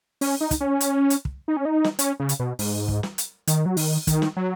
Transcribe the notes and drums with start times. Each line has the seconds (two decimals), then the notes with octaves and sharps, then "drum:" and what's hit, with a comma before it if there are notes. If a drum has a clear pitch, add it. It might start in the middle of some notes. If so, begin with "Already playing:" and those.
0.21 C#4, drum: open hi-hat
0.41 D#4
0.51 drum: kick, hi-hat
0.61 C#4
0.81 drum: hi-hat
1.10 drum: hi-hat
1.25 drum: kick
1.48 D#4
1.57 C#4
1.65 D#4
1.84 drum: snare
1.99 C#4, drum: hi-hat
2.20 C#3
2.29 drum: hi-hat
2.39 B2
2.59 G#2, drum: open hi-hat
2.88 drum: kick
3.03 drum: snare
3.18 drum: hi-hat
3.47 D#3, drum: hi-hat
3.66 F#3
3.77 D#3, drum: open hi-hat
4.07 D#3, drum: kick, hi-hat
4.22 drum: snare
4.37 F#3